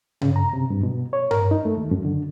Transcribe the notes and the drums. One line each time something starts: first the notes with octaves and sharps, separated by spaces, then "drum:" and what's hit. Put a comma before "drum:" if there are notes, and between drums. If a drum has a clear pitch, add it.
C#3, drum: tom G2
A#5
C3
G2
B2
C#5
A#4, drum: tom G2
D#4
A3
D#2
F#2
D3